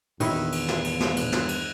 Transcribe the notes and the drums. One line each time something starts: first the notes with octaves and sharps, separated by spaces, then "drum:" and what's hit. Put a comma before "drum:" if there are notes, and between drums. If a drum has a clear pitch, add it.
E2 A#2 D#3 E4, drum: cymbal
drum: cymbal
drum: snare
drum: cymbal
drum: snare
drum: cymbal
drum: snare
drum: cymbal